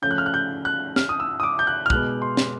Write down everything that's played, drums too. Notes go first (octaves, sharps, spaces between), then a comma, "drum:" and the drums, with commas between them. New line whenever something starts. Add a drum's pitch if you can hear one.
C#3 F3 A3 C#4 G6
F#6
F6
F#6
G6
F#6
F6, drum: snare
D#6
E6
D#6
D6
G6
F#6
F6
B2 G#3 B3 F#6, drum: kick
C6
drum: snare